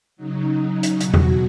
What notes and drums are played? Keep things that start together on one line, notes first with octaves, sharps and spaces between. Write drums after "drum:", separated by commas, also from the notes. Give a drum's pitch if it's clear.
C#3 F#3 D#4
drum: hi-hat
B2 F#3 F#4, drum: hi-hat
drum: tom E2